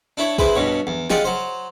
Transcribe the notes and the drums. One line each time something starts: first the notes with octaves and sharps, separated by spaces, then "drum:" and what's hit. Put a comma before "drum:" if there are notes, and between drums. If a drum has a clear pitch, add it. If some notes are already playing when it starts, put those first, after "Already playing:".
D4 E4 C#5
E4 G#4 B4 C5, drum: kick
G2 B2 C#5
E2
F4 G4 G#4 D5 D#5 F#5, drum: snare
F#3 C5